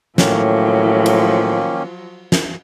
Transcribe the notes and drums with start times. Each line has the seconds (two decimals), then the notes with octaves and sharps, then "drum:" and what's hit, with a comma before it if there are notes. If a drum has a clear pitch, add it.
0.18 A2 D#3 F3 F#3 A#3 C#4, drum: snare
1.06 drum: cymbal
2.32 drum: snare